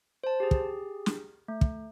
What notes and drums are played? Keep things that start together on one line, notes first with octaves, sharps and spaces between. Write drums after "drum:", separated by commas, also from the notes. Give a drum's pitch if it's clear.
C5 A5
G4 G#4
drum: kick
drum: snare
A3
drum: kick